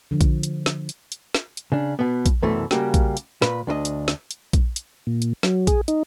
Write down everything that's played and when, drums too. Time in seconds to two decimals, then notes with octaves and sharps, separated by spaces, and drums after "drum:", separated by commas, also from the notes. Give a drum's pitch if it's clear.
0.11 D3 F3
0.21 drum: kick A#1, hi-hat
0.43 drum: hi-hat
0.66 drum: snare
0.89 drum: hi-hat
1.12 drum: hi-hat
1.34 drum: snare
1.57 drum: hi-hat
1.72 C#3 D4
1.99 B2 B3
2.26 drum: kick A#1, hi-hat
2.42 C2 F#2 B2 E3 A3
2.71 C#3 G3 A#3 F#4 G4, drum: snare
2.94 drum: kick A#1, hi-hat
3.17 drum: hi-hat
3.42 A#2 B4, drum: snare
3.67 D2 D4 A#4 D#5
3.85 drum: hi-hat
4.08 drum: snare
4.31 drum: hi-hat
4.53 drum: kick A#1, hi-hat
4.76 drum: hi-hat
5.07 A#2
5.22 drum: hi-hat
5.43 F#3, drum: snare
5.67 G#4, drum: kick A#1, hi-hat
5.88 D#4, drum: hi-hat